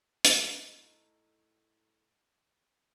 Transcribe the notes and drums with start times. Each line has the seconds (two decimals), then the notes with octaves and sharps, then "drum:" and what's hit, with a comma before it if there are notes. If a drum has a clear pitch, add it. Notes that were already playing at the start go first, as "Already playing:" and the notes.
0.25 A2 D#4, drum: hi-hat